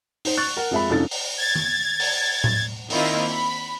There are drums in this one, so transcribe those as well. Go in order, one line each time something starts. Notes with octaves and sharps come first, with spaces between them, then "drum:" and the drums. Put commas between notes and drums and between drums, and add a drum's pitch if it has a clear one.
D#4 C5, drum: open hi-hat
C#6 F#6 A6
A#4 F#5
F2 G#3 E5 B5
C2 F2 C#4 D#4 A4 A6
drum: open hi-hat
G#6 A6
drum: tom D#3
drum: open hi-hat
drum: tom A2
D#3 A#3 C4 E4 F4 D#5, drum: open hi-hat
B5